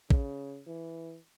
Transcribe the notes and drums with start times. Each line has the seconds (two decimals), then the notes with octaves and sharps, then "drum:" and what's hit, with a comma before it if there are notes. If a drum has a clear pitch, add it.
0.10 C#3, drum: kick
0.67 E3